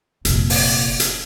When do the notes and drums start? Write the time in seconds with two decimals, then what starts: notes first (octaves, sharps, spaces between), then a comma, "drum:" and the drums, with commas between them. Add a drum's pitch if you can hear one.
0.25 F1 A#2, drum: hi-hat
0.50 drum: open hi-hat
1.00 drum: hi-hat